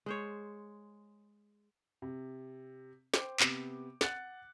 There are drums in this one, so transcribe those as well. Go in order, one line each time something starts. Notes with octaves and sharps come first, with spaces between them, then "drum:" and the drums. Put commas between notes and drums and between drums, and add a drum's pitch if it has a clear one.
G#3 C5 C#5
C3
C5 G5 D6, drum: snare
C3 B3, drum: clap
F#5 F#6 A6 C#7, drum: snare